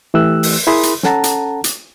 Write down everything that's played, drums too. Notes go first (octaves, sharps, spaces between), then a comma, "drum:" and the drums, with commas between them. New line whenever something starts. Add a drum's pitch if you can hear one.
E3 A3 G4 E6 F#6
drum: open hi-hat
E4 G#4 A#4 B5 C6 D#6
drum: hi-hat
C#4 A4 F#5 A5 A#5, drum: snare
drum: hi-hat
drum: hi-hat